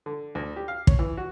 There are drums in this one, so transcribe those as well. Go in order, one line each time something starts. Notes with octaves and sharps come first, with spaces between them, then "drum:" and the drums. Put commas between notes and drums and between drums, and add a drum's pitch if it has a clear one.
D3
D2
G4
F5
C#5, drum: kick
E3
F#4